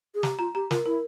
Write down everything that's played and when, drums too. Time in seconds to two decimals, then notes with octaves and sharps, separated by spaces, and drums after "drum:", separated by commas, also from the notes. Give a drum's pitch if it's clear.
0.15 G#4
0.23 G4 A#5, drum: snare
0.39 F4 A#5
0.55 G4 A#5
0.71 F4 A#4, drum: snare
0.86 E4 A#4